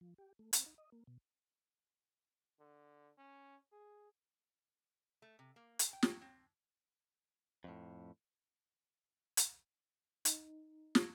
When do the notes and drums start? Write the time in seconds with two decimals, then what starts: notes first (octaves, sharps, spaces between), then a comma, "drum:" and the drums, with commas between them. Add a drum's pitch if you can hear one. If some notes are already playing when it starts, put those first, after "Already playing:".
0.01 F3
0.18 G4
0.39 A3
0.53 C4, drum: hi-hat
0.66 D#4
0.78 D#5
0.92 A#3
1.07 B2
2.60 D3
3.18 C#4
3.72 G#4
5.22 A3
5.39 C3
5.56 A#3
5.79 G#4, drum: hi-hat
5.93 G5
6.03 drum: snare
6.21 C4
7.64 F2 A2
9.37 drum: hi-hat
10.25 D#4, drum: hi-hat
10.95 drum: snare